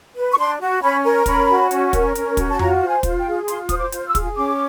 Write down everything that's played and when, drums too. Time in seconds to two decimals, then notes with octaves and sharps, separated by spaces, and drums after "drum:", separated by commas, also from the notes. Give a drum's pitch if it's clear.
0.16 B4
0.31 C#6
0.38 D4 C6
0.60 F#4
0.82 C#4 B5
1.04 A#4
1.26 C#4 B5, drum: kick, hi-hat
1.49 F#4
1.71 C#4, drum: hi-hat
1.93 A#4, drum: kick, hi-hat
2.15 C#4, drum: hi-hat
2.37 F#4, drum: kick, hi-hat
2.50 A5
2.59 F4 A#5, drum: tom F2
2.81 C5
2.89 G#5
3.03 F4, drum: kick, hi-hat
3.18 G5
3.26 G#4
3.48 F4 C6, drum: hi-hat
3.69 C5 D#6, drum: kick, hi-hat
3.78 D6
3.92 F4, drum: hi-hat
4.07 E6
4.15 G#4, drum: kick, hi-hat
4.36 C#4 D6